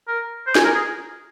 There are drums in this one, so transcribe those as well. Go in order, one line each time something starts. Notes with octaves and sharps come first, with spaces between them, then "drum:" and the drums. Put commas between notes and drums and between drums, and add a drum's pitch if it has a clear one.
A#4
C5
G#5, drum: snare
A#4
G#4